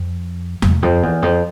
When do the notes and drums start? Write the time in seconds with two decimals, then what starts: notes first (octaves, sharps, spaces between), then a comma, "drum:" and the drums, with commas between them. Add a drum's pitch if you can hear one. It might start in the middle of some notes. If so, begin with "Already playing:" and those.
Already playing: F2
0.62 E2, drum: tom E2
0.83 F2
1.03 E2
1.22 F2